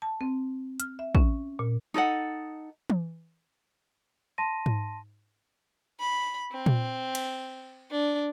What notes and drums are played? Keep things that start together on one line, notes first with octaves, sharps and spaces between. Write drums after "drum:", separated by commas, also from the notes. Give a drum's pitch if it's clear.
A5
C4
F6, drum: hi-hat
E5
C#4, drum: kick
A#2
D#4 A4 D#5 F#5
drum: tom E3
A5 C6 A#6 D#7
drum: tom G#2
B5
C4
drum: tom A#2
drum: cymbal
D4